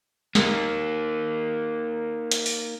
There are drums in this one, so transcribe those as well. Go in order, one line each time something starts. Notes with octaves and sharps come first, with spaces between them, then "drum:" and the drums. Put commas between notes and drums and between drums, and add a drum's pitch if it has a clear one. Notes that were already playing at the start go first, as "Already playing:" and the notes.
A#3 D#4, drum: snare
drum: hi-hat
drum: open hi-hat